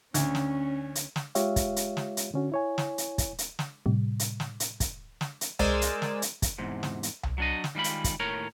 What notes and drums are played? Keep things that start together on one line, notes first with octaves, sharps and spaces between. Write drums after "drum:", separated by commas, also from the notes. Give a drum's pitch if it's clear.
D2 C#4, drum: hi-hat
drum: snare
drum: hi-hat
drum: snare
G#3 F4 G4 C#5 E5 F5, drum: hi-hat
drum: kick, hi-hat
drum: hi-hat
drum: snare
drum: hi-hat
D3 C#4 F#4
E4 C#5 G#5
drum: snare
drum: hi-hat
drum: kick, hi-hat
drum: hi-hat
drum: snare
A2 C3 G3
drum: hi-hat
drum: snare
drum: hi-hat
drum: kick, hi-hat
drum: snare
drum: hi-hat
G#3 A#4 C5 D5 G#5 E6, drum: tom C2
drum: hi-hat
drum: snare
drum: hi-hat
drum: kick, hi-hat
E2 G#2 C3
drum: snare
drum: hi-hat
drum: tom C2
F#3 D4 D#5
drum: snare
D#3 G3 G#3 F4 B5
drum: hi-hat
drum: kick, hi-hat
D#2 A2 A#4 C#5 A#5